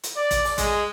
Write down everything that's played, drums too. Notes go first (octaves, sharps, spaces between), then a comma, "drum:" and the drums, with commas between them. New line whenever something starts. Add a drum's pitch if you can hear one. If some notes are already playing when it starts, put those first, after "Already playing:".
drum: hi-hat
D5
drum: kick, hi-hat
drum: open hi-hat
G#3, drum: kick, hi-hat